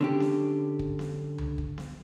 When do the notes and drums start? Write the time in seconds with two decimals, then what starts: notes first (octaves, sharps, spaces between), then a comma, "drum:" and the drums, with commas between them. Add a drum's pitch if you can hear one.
0.01 D3 C#4 G4
0.20 drum: snare B3
0.79 drum: kick
0.99 drum: snare B3
1.38 drum: tom C#2
1.58 drum: kick
1.78 drum: snare B3